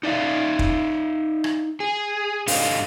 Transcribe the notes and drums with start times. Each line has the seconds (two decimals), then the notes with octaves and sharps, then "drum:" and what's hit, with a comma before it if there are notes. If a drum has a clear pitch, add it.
0.03 D#4 D5 E5 F5
0.59 drum: kick
1.44 drum: rim click
1.80 G#4
2.48 G#2 D4 G4 A4 D#5 F5, drum: open hi-hat